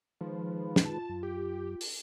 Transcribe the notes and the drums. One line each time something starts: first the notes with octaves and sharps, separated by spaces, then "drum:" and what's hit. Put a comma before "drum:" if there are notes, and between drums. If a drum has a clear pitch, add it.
D#3 F3 G#3 B4
drum: snare
F4 A5
F#2
G4
drum: open hi-hat